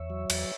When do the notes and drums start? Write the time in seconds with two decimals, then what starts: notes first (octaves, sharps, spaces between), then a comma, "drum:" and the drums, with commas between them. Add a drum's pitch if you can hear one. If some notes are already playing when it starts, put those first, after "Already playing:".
Already playing: E2 C#5 E5
0.10 F#3
0.30 E2, drum: cymbal